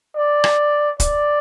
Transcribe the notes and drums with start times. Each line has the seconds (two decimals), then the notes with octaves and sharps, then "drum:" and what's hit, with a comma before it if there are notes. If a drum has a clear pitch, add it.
0.16 D5
0.44 drum: rim click
1.00 D5, drum: kick, hi-hat